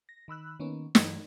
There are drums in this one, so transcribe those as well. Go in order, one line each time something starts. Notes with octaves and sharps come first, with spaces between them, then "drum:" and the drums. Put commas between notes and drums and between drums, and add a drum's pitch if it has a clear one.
A#6
D#3 B5 E6 F#6
D#3 A#3 B3 C#4
G2 E3 F#3, drum: snare